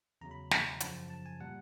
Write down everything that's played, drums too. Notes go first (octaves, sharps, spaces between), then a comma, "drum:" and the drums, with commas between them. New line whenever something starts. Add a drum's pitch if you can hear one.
E2 C#3 F#3 A#5
B5
A#5, drum: snare
F#2 C#3 F3 A5, drum: hi-hat
A5
G#5
A#2 G3 F#5